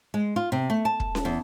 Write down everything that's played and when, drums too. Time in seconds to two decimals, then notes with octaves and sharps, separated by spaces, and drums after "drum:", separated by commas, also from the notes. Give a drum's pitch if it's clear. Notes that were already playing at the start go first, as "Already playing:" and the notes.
0.14 G#3
0.36 F4
0.52 C3
0.70 A3
0.85 A5
1.00 drum: kick
1.15 drum: snare C#4
1.25 E2